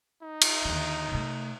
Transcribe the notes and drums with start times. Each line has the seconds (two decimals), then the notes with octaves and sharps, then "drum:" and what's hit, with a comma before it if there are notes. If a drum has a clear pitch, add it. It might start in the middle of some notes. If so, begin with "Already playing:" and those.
0.22 D#4
0.42 drum: cymbal
0.65 D#2 D3
1.12 C3 A3